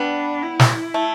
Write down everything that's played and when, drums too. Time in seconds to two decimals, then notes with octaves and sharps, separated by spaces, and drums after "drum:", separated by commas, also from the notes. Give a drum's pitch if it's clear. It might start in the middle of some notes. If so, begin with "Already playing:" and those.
Already playing: G3 B3 D4
0.43 E4
0.59 drum: snare
0.94 A3